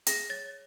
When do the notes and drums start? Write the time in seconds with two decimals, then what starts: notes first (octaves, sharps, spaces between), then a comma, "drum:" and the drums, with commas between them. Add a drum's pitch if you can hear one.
0.07 G#4 A#6, drum: hi-hat
0.30 C#5 A6